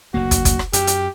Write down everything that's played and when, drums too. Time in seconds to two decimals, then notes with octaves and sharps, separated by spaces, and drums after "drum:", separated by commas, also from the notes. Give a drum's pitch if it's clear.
0.14 F#1 D2 A#3 F#4
0.31 drum: kick, hi-hat
0.45 drum: kick, hi-hat
0.59 drum: rim click
0.73 F#2 G4, drum: hi-hat
0.87 drum: hi-hat